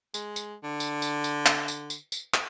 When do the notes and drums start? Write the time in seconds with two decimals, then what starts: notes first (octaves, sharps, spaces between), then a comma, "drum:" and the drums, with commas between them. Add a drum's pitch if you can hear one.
0.14 G#3, drum: tambourine
0.36 drum: tambourine
0.64 D3
0.80 drum: tambourine
1.02 drum: tambourine
1.24 drum: tambourine
1.46 drum: clap
1.68 drum: tambourine
1.90 drum: tambourine
2.12 drum: tambourine
2.34 drum: clap